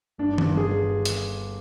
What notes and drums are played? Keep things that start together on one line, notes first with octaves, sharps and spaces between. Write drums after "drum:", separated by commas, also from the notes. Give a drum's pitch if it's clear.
G1 D4
G1, drum: tom D#3
G#4
drum: hi-hat